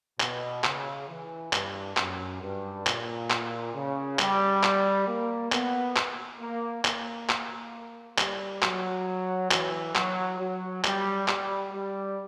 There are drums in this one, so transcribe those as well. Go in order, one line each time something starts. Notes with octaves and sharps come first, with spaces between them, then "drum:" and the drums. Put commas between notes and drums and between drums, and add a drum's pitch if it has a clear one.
B2, drum: clap
C#3, drum: clap
E3
G2, drum: clap
F#2, drum: clap
G2
A#2, drum: clap
drum: clap
C#3
G3, drum: clap
drum: clap
A#3
B3, drum: clap
drum: clap
A#3
A#3, drum: clap
drum: clap
G3, drum: clap
F#3, drum: clap
E3, drum: clap
F#3, drum: clap
F#3
G3, drum: clap
G3, drum: clap
G3